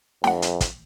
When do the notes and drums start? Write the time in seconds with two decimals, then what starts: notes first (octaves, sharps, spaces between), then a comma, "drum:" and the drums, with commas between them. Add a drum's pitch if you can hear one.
0.24 F2 F#5 G5, drum: snare
0.42 drum: hi-hat
0.61 drum: kick, hi-hat